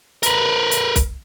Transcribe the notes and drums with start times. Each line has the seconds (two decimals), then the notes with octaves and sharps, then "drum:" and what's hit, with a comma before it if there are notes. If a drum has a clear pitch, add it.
0.23 A#4 B4, drum: hi-hat
0.71 drum: hi-hat
0.96 drum: kick B1, hi-hat